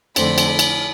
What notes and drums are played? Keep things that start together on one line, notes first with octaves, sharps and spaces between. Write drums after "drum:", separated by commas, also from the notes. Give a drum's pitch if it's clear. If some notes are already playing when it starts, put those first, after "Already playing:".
F2 D3 A3 C4 B5, drum: cymbal
drum: cymbal
B5
drum: cymbal